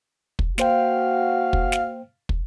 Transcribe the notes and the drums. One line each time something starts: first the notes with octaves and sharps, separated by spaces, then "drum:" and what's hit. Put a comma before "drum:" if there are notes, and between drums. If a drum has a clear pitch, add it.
drum: kick
A#3 F#4 C5 F5 G5, drum: snare
drum: kick
drum: snare
drum: kick